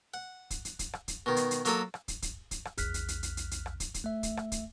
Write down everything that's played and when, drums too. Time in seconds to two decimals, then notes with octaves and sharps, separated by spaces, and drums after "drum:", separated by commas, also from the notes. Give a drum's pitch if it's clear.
0.14 F#5
0.50 drum: kick, hi-hat
0.65 drum: hi-hat
0.79 drum: kick, hi-hat
0.93 drum: rim click
1.08 drum: kick, hi-hat
1.26 B2 D#3
1.36 drum: hi-hat
1.51 drum: hi-hat
1.65 F#3 A#3 A4 D#6, drum: hi-hat
1.94 drum: rim click
2.08 drum: kick, hi-hat
2.22 drum: kick, hi-hat
2.51 drum: kick, hi-hat
2.65 drum: rim click
2.78 A#1 E2 F6 F#6 B6, drum: kick, hi-hat
2.94 drum: hi-hat
3.08 drum: hi-hat
3.23 drum: hi-hat
3.37 drum: hi-hat
3.51 drum: hi-hat
3.66 drum: rim click
3.80 drum: kick, hi-hat
3.94 drum: kick, hi-hat
4.04 A3 E5
4.23 drum: kick, hi-hat
4.37 drum: rim click
4.52 drum: kick, hi-hat